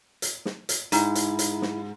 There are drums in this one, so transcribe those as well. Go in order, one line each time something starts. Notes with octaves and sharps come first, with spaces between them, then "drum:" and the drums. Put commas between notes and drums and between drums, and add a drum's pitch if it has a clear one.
drum: hi-hat
drum: snare
drum: hi-hat
G#2 E4, drum: hi-hat
drum: hi-hat
drum: hi-hat
drum: snare